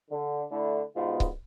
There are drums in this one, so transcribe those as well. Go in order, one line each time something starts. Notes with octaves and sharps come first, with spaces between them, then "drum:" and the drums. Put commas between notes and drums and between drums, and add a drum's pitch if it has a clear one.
D3
D3 A3 D4 E4
G#2 B2 D3 B3 F4
drum: kick C#1